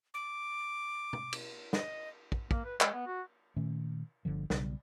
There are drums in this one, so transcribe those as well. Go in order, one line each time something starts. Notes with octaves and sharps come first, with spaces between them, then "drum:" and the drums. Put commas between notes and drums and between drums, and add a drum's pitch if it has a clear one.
D6
drum: tom
drum: cymbal
D#5, drum: snare
drum: kick
A#3, drum: kick
B4
G#3, drum: clap
B3
F#4
A#2 D#3 A3 C#4
G1 D3 F3
B1 C#3 G3, drum: snare